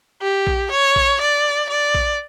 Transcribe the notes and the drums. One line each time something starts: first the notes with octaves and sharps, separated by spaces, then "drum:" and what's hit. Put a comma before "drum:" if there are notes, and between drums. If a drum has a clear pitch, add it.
G4
drum: kick A#1
C#5
drum: kick A#1
D5
D5
drum: kick A#1